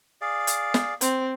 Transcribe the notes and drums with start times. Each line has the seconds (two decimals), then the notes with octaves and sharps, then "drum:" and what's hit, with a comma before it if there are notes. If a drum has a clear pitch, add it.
0.21 G#4 D5 F5
0.47 drum: hi-hat
0.74 drum: snare
1.01 C4, drum: hi-hat